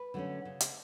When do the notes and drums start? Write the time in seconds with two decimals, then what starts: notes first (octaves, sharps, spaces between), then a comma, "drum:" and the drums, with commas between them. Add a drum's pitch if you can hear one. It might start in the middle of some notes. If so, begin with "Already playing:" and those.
Already playing: B4
0.14 D3 F#3 A3 C#4
0.45 C#3
0.60 drum: hi-hat